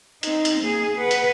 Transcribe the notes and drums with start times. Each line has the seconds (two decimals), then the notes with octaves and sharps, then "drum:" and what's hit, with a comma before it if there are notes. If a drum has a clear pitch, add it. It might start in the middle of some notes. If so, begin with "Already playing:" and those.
0.23 C4 D#4, drum: hi-hat
0.45 drum: hi-hat
0.59 A#3 G#4
0.97 B4 F#5
1.11 drum: hi-hat